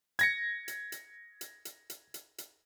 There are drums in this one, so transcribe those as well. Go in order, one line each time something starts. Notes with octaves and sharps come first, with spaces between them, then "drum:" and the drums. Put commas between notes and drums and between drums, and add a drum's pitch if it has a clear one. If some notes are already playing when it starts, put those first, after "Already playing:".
G#6 A#6 C#7, drum: hi-hat
drum: hi-hat
drum: hi-hat
drum: hi-hat
drum: hi-hat
drum: hi-hat
drum: hi-hat
drum: hi-hat